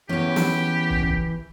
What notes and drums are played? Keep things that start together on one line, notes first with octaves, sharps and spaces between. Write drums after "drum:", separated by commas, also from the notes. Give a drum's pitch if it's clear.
E2 E3 B3 C#4 G4
drum: snare
drum: kick
drum: kick